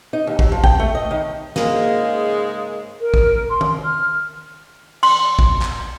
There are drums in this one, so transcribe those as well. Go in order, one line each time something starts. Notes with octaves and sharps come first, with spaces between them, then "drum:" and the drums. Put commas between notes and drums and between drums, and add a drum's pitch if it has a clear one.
D#4
D#2
F#3, drum: kick
F3
G5, drum: kick
A3
D#5
D#3
G#2 C#3 G#3 A#3, drum: snare
A#4
drum: kick
C6
drum: tom D#3
F6
C6, drum: cymbal
drum: kick
drum: clap